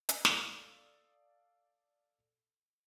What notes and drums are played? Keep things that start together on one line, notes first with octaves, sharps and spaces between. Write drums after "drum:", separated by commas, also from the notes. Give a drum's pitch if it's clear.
drum: hi-hat
A4 D5 F5 D#6 E6, drum: snare